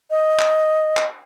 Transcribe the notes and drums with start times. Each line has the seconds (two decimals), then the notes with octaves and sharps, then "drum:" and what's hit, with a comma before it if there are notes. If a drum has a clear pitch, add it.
0.10 D#5
0.39 drum: clap
0.97 drum: clap